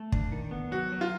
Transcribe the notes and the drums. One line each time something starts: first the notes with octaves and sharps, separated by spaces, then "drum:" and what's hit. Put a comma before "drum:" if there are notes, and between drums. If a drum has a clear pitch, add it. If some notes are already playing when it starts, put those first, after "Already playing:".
Already playing: A3
D4, drum: kick
D#3
B3
F#3 F#4
F#3
F4